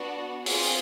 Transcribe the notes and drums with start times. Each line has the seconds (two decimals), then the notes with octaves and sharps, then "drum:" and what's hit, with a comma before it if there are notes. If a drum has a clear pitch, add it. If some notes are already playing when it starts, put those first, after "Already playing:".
Already playing: B3 D4 F#4
0.46 C4 F4 G#4, drum: open hi-hat